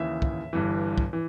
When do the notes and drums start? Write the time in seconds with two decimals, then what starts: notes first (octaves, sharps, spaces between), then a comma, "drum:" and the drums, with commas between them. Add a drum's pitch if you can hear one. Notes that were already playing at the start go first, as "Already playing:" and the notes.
Already playing: D#2 C#3 E3 E5
0.22 drum: kick
0.53 G1 G2 E3
0.98 drum: kick
1.13 E3